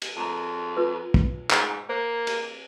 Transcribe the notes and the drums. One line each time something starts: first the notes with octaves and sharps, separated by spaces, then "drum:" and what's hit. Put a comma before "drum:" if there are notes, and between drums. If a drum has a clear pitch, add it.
drum: cymbal
F2 A5 A#5
F4 B4
drum: kick
G#2, drum: clap
A#3 C5
drum: cymbal